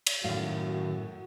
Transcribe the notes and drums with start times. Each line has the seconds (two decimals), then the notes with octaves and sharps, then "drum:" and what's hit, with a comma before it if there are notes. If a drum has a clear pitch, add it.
0.07 drum: cymbal
0.24 F#2 A2 D#3 F#4 F5